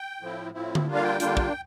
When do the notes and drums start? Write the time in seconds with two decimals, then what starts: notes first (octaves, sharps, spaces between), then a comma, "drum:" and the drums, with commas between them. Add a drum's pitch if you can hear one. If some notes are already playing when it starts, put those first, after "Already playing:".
Already playing: G5
0.22 A2 F3 C4 E4
0.54 A2 F3 C4 E4
0.75 drum: tom D3
0.87 D3 G3 A#3 D4 F4
0.95 F5
1.04 G5
1.20 D3 G3 A#3 D4 F4, drum: hi-hat
1.37 drum: kick